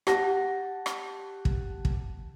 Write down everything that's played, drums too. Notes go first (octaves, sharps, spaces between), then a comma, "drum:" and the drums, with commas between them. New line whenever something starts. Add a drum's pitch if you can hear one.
G4 F#5 A5 A#6, drum: rim click
drum: rim click
drum: kick
drum: kick